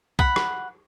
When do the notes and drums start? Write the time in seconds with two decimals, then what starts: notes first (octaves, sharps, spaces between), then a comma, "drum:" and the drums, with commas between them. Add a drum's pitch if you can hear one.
0.19 F#5 B5, drum: kick C2
0.36 drum: rim click